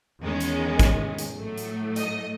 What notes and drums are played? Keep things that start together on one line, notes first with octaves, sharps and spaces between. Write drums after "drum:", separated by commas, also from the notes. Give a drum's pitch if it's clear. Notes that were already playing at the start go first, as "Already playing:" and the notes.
E2 D#3 G#3 C#4
drum: hi-hat
drum: kick, hi-hat
drum: hi-hat
A2 F#3 A3
drum: hi-hat
D#5, drum: hi-hat